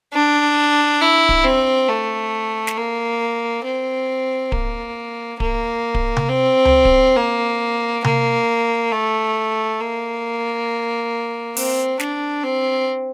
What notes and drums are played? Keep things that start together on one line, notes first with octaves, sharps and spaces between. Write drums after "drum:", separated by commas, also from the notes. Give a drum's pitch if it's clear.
D4
E4
drum: kick D1
C4
A3
drum: snare
A#3
C4
A#3, drum: kick D1
A#3, drum: kick D1
drum: kick D1
drum: tom C3
C4
drum: tom C#2
drum: kick D1
A#3
A#3, drum: tom C3
A3
A#3
C4, drum: open hi-hat
D4, drum: snare
C4